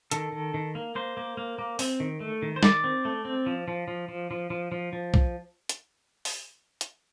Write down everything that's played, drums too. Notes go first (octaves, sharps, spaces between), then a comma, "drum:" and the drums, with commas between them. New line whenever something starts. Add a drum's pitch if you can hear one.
D#3 A4, drum: hi-hat
D#3
D#3
A#3
A#3 C5
A#3
A#3
A#3
C4, drum: open hi-hat
D#3
A3
D#3
C5
D#3 D5, drum: snare
C4
A3
C4
F3
F3
F3
F3
F3
F3
F3
F3
drum: kick B1
drum: hi-hat
drum: open hi-hat
drum: hi-hat